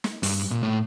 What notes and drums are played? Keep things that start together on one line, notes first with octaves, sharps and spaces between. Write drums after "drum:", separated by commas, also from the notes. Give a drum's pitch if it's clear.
drum: snare
G2, drum: open hi-hat
A#2
A2